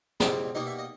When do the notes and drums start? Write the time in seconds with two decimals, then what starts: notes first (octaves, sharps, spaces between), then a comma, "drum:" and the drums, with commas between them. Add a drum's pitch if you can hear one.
0.20 C#2 B2 G3 C4 E4, drum: snare
0.55 B2 G3 A#3 D#4 D#5
0.67 E5
0.79 D#5